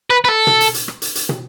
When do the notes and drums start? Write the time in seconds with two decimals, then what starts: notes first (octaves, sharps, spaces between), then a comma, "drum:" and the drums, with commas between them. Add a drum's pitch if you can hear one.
0.10 B4
0.25 B4
0.29 A4
0.47 drum: tom
0.61 drum: hi-hat
0.74 drum: hi-hat
0.88 drum: rim click
1.02 drum: hi-hat
1.15 drum: hi-hat
1.29 drum: tom